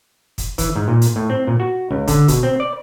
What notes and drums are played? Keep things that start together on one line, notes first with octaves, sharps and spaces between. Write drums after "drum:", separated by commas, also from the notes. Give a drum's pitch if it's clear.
drum: kick, hi-hat
E3, drum: kick, hi-hat
G#2
A#2
drum: hi-hat
A2
C4
A#2
F#4
C#2
D3, drum: kick, hi-hat
B2, drum: kick, hi-hat
C4
D5